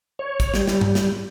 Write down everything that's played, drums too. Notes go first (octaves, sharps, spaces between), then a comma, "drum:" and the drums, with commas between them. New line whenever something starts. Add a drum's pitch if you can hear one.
C#5
drum: kick, hi-hat
G3, drum: snare
drum: snare
drum: tom G2
drum: snare